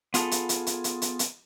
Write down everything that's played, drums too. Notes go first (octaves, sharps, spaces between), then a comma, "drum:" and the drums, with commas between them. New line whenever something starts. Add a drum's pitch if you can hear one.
B3 F4 G#4 A4, drum: hi-hat
drum: hi-hat
drum: hi-hat
drum: hi-hat
drum: hi-hat
drum: hi-hat
drum: hi-hat